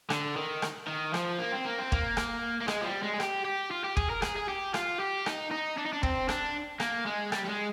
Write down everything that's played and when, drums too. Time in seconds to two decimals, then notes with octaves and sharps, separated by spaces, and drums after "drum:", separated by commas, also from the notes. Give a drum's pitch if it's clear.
0.10 D3, drum: rim click
0.37 D#3
0.62 drum: rim click
0.87 D#3
1.14 F3, drum: rim click
1.39 A#3
1.52 C4
1.66 A#3
1.79 C4
1.92 A#3, drum: kick
2.17 drum: rim click
2.61 A#3
2.68 G#3, drum: rim click
2.82 F3
2.86 G3
3.03 G#3
3.14 G#4
3.20 G4, drum: rim click
3.45 G4
3.71 F4
3.84 G4
3.97 G#4, drum: kick
4.10 A#4
4.22 G#4, drum: rim click
4.36 G#4
4.48 G4
4.74 F4, drum: rim click
5.00 G4
5.26 D#4, drum: rim click
5.51 D#4
5.77 D4
5.85 D#4
5.92 D4
6.03 C4, drum: kick
6.29 D4, drum: rim click
6.80 A#3, drum: rim click
7.06 G#3
7.32 G3, drum: rim click
7.45 G3
7.49 G#3